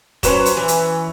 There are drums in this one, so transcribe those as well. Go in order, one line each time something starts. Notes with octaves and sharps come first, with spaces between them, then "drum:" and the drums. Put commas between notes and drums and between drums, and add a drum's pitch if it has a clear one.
F#3 C#4 B4 C5 E7, drum: kick, hi-hat
drum: hi-hat
E3
drum: hi-hat